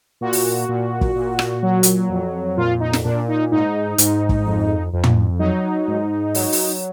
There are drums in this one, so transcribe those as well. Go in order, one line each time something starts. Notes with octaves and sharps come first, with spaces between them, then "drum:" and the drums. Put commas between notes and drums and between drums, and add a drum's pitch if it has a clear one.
A#2 F#4
drum: open hi-hat
A#2
drum: kick
A#2
drum: rim click
F#3
drum: hi-hat
F2
A#2 F4
D#4
drum: snare
A#2 D4
D#4
G#2 D#4
G#2, drum: hi-hat
drum: kick
F2
F2
drum: tom
F#3 D#4
G#2
F#3, drum: open hi-hat
drum: open hi-hat